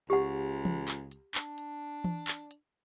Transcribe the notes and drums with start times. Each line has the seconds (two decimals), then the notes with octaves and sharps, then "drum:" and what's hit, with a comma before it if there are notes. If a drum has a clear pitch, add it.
0.10 C#2 G4 F#5
0.65 drum: tom E3
0.88 drum: clap
1.11 drum: hi-hat
1.35 D4, drum: clap
1.58 drum: hi-hat
2.04 drum: tom E3
2.28 drum: clap
2.51 drum: hi-hat